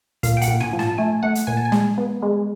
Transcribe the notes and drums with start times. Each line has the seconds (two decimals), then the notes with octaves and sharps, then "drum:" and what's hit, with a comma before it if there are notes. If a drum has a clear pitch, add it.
0.23 A#2 F5, drum: kick, hi-hat
0.37 G5
0.42 F#5, drum: hi-hat
0.48 A#2
0.61 G#5, drum: tom
0.73 F3
0.79 A5, drum: snare
0.98 A3 G#5
1.23 A3 F#5
1.35 drum: hi-hat
1.47 A#2 G#5
1.57 A5
1.65 G#5
1.72 G#3, drum: snare
1.98 B3
2.22 G#3